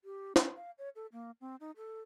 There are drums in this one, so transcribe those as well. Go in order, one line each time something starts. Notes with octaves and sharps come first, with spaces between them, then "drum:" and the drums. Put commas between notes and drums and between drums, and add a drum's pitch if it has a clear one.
G4
C#4, drum: snare
F5
C#5
A4
A#3
C4
D#4
A4